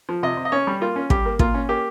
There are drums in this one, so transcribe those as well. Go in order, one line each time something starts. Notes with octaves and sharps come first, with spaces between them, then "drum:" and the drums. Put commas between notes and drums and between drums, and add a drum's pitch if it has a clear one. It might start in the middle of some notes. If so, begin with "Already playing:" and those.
F3
C3 D#5
C3
D#5
C#4 C#5
G3
A#3 F4
C#4
G3 G4, drum: kick
A#3
A#2 F4, drum: kick
C#4
A#3 G4